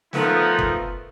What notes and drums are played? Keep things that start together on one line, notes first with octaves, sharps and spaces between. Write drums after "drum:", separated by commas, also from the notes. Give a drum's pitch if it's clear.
D#3 F3 A3 B3 D#4 A#4, drum: snare
drum: kick